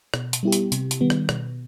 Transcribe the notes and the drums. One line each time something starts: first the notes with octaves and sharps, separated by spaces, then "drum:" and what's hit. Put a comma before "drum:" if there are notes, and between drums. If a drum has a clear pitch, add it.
B2, drum: rim click
drum: hi-hat
G3 B3 E4 G4
drum: hi-hat
C3, drum: hi-hat
drum: hi-hat
D#3 G3 B3
drum: rim click
B2, drum: rim click